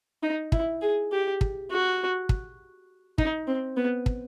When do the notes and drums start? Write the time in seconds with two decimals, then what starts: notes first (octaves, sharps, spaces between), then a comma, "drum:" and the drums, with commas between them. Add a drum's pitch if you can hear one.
0.23 D#4
0.52 E4, drum: kick
0.82 G#4
1.12 G4
1.41 drum: kick
1.71 F#4
2.29 drum: kick
3.18 D#4, drum: kick
3.47 C4
3.77 B3
4.06 drum: kick